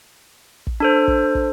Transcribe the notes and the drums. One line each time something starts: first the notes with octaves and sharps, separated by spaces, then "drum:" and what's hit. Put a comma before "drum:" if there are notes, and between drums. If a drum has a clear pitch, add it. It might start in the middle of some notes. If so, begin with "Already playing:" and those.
drum: kick
D4 A4 C5
drum: kick
drum: kick